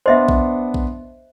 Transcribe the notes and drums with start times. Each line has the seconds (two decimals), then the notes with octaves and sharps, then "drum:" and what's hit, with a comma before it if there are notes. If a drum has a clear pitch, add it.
0.06 B3 D4 C5 D#5 E5 C6
0.29 drum: kick A#1
0.74 drum: kick A#1